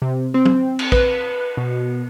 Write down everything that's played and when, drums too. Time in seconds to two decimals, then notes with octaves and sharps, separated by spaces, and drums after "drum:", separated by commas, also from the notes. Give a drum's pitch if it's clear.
0.02 C3
0.34 C4
0.45 drum: tom
0.79 drum: cymbal
0.92 B4, drum: kick A#1
1.57 B2